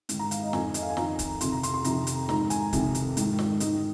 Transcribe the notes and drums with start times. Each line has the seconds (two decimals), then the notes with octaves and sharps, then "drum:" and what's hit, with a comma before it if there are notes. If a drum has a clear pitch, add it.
0.09 G#2 D#3, drum: hi-hat
0.19 A#5
0.31 F5, drum: hi-hat
0.42 D#5
0.53 F2 D#3 G#5, drum: snare
0.74 D#5, drum: hi-hat
0.82 F5
0.90 G#5
0.97 F2 D#3 A#5, drum: snare
1.19 drum: kick, hi-hat
1.41 F2 C3 D#3 C6, drum: hi-hat
1.52 A#5
1.63 C6, drum: hi-hat
1.74 C6
1.84 F2 C3 D#3 A#5, drum: hi-hat
2.07 drum: hi-hat
2.29 G#2 D#3 A#5, drum: snare
2.50 G#5, drum: hi-hat
2.73 F2 C3 D#3, drum: kick, hi-hat
2.95 drum: hi-hat
3.17 G#2 D#3, drum: hi-hat
3.39 drum: snare
3.60 G#2 D#3 D#4, drum: hi-hat